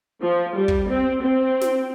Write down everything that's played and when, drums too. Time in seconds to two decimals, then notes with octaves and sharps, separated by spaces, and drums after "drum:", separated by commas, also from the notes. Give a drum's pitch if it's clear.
0.23 F3
0.56 G3
0.68 drum: kick
0.89 C4
1.23 C4
1.61 drum: snare